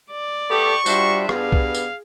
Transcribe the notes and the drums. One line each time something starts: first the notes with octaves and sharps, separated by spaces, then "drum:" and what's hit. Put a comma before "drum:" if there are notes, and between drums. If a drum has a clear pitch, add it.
D5
A3 B3 G4 A4 C#6
G3 D4 F4 F#4 C5 E5, drum: tambourine
G2 B3 G#4 F5, drum: rim click
drum: kick C2
drum: tambourine